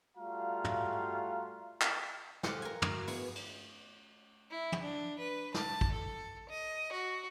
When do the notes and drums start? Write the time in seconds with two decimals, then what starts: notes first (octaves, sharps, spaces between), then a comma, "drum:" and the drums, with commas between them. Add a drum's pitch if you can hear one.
0.16 G3 A3 F4 F#4 F5 A#5
0.64 drum: tom
1.81 drum: clap
2.43 F4 G4 A4 C5 F5 F#5, drum: snare
2.62 A#4 G#5
2.82 E4 F#4 D#5 F5, drum: tom
3.08 B3 E4 G#4, drum: open hi-hat
3.35 drum: cymbal
4.51 E4
4.72 drum: tom
4.82 D4
5.19 B4
5.54 A5, drum: snare
5.81 drum: kick
5.92 A4
6.49 D#5
6.92 F#4